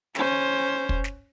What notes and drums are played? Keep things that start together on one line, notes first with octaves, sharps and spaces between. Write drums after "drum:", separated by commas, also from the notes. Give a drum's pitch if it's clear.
C#4 C5, drum: snare
drum: kick
drum: snare